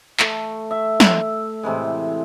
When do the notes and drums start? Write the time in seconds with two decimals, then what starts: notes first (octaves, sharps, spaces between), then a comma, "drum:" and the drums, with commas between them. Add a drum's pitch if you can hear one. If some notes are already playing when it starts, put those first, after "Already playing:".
0.19 A3 C#6, drum: clap
0.71 E5
1.00 drum: snare
1.63 A2 C3 E3 G#3